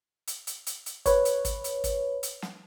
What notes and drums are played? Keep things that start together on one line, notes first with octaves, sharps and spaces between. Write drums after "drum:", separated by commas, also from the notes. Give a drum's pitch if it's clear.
drum: hi-hat
drum: hi-hat
drum: hi-hat
drum: hi-hat
B4 C#5, drum: kick, hi-hat
drum: hi-hat
drum: kick, hi-hat
drum: hi-hat
drum: kick, hi-hat
drum: hi-hat
drum: snare